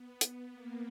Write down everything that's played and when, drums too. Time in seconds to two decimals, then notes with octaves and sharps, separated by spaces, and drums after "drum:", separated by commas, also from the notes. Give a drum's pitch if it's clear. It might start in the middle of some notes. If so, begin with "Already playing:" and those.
Already playing: B3
0.21 B3, drum: hi-hat
0.52 A#3